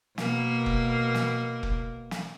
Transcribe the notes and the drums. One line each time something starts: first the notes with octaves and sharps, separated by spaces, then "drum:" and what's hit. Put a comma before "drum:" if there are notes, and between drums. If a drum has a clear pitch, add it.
B2 A#3, drum: snare
drum: kick F1
drum: snare
drum: kick F1
drum: snare